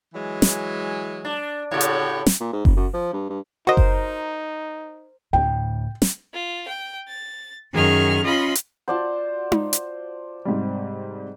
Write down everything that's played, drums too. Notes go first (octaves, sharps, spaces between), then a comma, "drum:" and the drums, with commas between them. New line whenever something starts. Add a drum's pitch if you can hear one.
E3 F#3 G#3
drum: snare
D4
A2 C#3 F#4 G4 C#5
drum: hi-hat
drum: snare
A#2
G#2
F1, drum: kick F#1
F#2
F3
G2
G2
D#4 F#4 A#4 C5 D#5
drum: kick F#1
D2 A2 G5
drum: snare
F4
G5
A6
F#2 D#3 G#4 C#6 F6
C#4 F4 D#5 B5 C6
drum: hi-hat
F4 F#4 C5 D5 F#5 A5
drum: tom D#4
drum: hi-hat
G#2 C3 G3